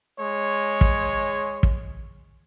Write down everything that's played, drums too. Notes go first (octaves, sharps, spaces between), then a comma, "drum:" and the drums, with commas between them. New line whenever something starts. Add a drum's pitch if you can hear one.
G#3 C#5
drum: kick
drum: kick